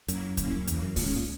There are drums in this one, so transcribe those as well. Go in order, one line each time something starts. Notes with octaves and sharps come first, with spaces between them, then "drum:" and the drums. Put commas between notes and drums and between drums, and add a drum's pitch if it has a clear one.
F#2 F#3 A#3 E4, drum: hi-hat
A#2 A#3 C#4 E4, drum: kick C#2, hi-hat
F#2
E2 C#3 E3 A#3, drum: hi-hat
F#2
A#2 D#3 G#3 C#4, drum: kick C#2, open hi-hat
A#2